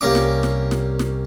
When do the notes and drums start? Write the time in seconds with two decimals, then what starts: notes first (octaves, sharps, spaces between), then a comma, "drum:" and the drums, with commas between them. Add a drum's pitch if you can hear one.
0.01 C2 A#3 C#4 D6
0.15 drum: snare
0.43 drum: snare
0.71 drum: snare
0.99 drum: snare